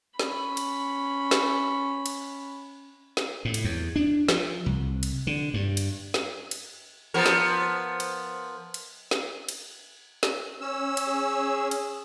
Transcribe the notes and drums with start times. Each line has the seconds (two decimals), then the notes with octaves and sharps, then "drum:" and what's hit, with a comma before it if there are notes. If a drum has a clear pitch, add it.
0.19 C#4 B5, drum: snare
0.57 drum: cymbal
1.31 drum: snare
2.06 drum: cymbal
3.17 drum: snare
3.45 A2
3.54 drum: cymbal
3.64 E2
3.96 D4
4.28 F3, drum: snare
4.66 C2
5.03 drum: cymbal
5.27 D3
5.54 G2
5.77 drum: cymbal
6.14 drum: snare
6.51 drum: cymbal
7.14 F3 B3 A#4
7.26 drum: snare
8.00 drum: cymbal
8.74 drum: cymbal
9.11 drum: snare
9.49 drum: cymbal
10.23 drum: snare
10.61 C#4 E6
10.97 drum: cymbal
11.07 G#4
11.71 drum: cymbal